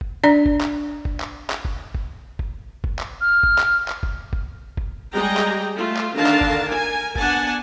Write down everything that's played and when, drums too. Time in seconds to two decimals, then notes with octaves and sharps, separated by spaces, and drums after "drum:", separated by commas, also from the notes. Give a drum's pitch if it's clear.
0.01 drum: kick F#1
0.24 D4 D5 A#5
0.46 drum: kick F#1
0.61 drum: clap
1.05 drum: kick F#1
1.20 drum: clap
1.50 drum: clap
1.65 drum: kick F#1
1.95 drum: kick F#1
2.39 drum: kick F#1
2.84 drum: kick F#1
2.99 drum: clap
3.21 F6
3.43 drum: kick F#1
3.58 drum: clap
3.88 drum: clap
4.03 drum: kick F#1
4.33 drum: kick F#1
4.77 drum: kick F#1
5.15 G3 G#3 G#4 D#5 G5 A#5
5.37 drum: clap
5.76 A3 F4
5.96 drum: clap
6.16 D3 D#3 D4 F5 A5 A#5
6.26 drum: clap
6.41 drum: kick F#1
6.66 A#4 G#5
7.16 B3 D4 F#5 G#5 A5, drum: kick F#1